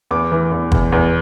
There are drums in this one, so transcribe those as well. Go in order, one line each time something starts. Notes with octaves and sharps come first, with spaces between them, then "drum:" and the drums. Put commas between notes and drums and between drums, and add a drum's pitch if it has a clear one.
E2 D6
E3
E2
E2, drum: kick
E2